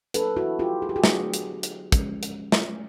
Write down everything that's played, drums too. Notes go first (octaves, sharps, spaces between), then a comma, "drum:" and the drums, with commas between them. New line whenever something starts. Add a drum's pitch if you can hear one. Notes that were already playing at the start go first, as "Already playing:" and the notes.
F#3 A#3 D4 A4 B4, drum: hi-hat
E4 F#4
F4 G4
G#4
G4
F#4 G#4
D3 F#3 B3 D4, drum: snare
drum: hi-hat
drum: hi-hat
F3 G#3 C#4, drum: kick, hi-hat
drum: hi-hat
drum: snare